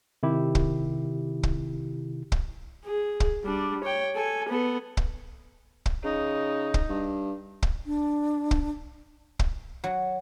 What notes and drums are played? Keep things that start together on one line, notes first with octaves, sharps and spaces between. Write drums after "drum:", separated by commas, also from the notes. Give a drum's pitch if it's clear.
C3 D#3 E4 G4
drum: kick
drum: kick
drum: kick
G#4
drum: kick
G3 D4
C#5 G5
A4 G#5
B3 A4
drum: kick
drum: kick
C#3 D#4
drum: kick
G2
drum: kick
D4
drum: kick
drum: kick
F#3